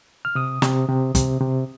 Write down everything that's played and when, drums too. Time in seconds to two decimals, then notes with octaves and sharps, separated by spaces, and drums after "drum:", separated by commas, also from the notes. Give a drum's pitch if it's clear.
0.25 F6
0.35 C3 D#6
0.62 C3, drum: snare
0.89 C3
1.15 C3, drum: kick, hi-hat
1.41 C3